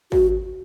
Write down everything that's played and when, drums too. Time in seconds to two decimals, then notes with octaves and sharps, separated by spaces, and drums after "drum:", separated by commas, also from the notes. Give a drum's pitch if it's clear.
0.12 F#4, drum: kick